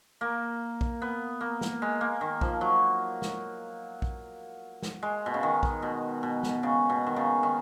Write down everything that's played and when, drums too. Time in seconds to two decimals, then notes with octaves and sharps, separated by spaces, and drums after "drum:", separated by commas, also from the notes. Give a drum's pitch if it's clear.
0.21 A#3
0.81 drum: kick A#1
1.02 B3
1.41 A#3
1.61 drum: snare
1.82 G#3
2.01 A#3
2.21 D#3
2.41 F3, drum: kick A#1
2.61 F#3
3.22 drum: snare
4.02 drum: kick A#1
4.83 drum: snare
5.03 G#3
5.26 B2
5.34 C#3
5.43 D#3
5.63 drum: kick A#1
5.82 B2
6.23 B2
6.43 drum: snare
6.63 C#3
6.89 B2
7.07 D#3
7.16 C#3
7.43 D#3